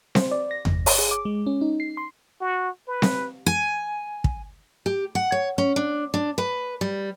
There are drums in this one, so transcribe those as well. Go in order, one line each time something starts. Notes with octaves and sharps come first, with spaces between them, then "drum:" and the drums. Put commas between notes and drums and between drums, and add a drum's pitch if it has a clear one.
C5, drum: snare C4
D5
A#6
G1, drum: tom E2
C#5, drum: open hi-hat
G#4
D6
G#3
C#4
D#4
C7
C6
F#4
B4
drum: snare C4
G#5
drum: kick
G4
F#5
C#5
C#4
D4
D4
B4
G3